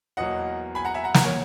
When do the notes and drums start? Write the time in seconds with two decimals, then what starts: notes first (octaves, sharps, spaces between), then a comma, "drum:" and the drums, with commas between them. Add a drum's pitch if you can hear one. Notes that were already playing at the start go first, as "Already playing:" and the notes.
0.17 E2 B2 F#3 A#3 D#5 F#5
0.75 G#5 B5
0.85 F#5 A#5
0.94 E5 G#5
1.04 F#5 A#5
1.14 F#5 A#5, drum: snare
1.24 A#4 C#5